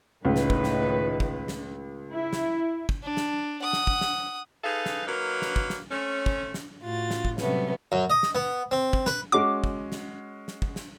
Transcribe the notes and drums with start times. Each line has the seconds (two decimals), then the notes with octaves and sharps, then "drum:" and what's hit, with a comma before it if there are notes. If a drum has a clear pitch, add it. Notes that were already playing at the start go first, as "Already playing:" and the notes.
0.25 C#2 A2 D#3 B4
0.36 drum: snare
0.50 drum: kick
0.64 drum: snare
1.20 drum: kick
1.48 drum: snare
2.11 E4
2.33 drum: snare
2.89 drum: kick
3.03 D4
3.17 drum: snare
3.62 F#5 D#6
3.73 drum: snare
3.87 drum: kick
4.01 drum: snare
4.64 D#4 G#4 A4 B4 F5
4.86 drum: snare
5.06 F#3 A#3 D#4 A#4 B4
5.42 drum: snare
5.56 drum: kick
5.70 drum: snare
5.90 A3 C4 C#4
6.26 drum: kick
6.54 drum: snare
6.82 A2 F4 F#4 A6
7.11 drum: snare
7.25 drum: kick
7.38 C3 F#3 G3 A3 B3 C#4, drum: snare
7.92 F#2
8.10 D#5
8.23 drum: snare
8.35 B3
8.71 C4
8.93 drum: kick
9.06 B4, drum: snare
9.32 G#3 C#4 F#4 D6
9.64 drum: kick
9.92 drum: snare
10.48 drum: snare
10.62 drum: kick
10.76 drum: snare